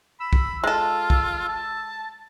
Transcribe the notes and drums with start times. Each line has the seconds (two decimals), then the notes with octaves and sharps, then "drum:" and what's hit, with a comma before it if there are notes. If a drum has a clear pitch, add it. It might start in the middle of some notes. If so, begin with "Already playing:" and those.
0.20 B5 E6
0.33 drum: kick
0.64 G#3 F4 A4
1.10 drum: kick
1.49 A5